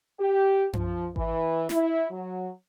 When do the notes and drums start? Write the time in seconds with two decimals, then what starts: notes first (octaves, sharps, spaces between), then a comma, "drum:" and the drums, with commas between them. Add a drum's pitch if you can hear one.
0.18 G4
0.73 F3, drum: tom F#2
1.16 E3, drum: kick G#1
1.69 E4, drum: snare
2.09 F#3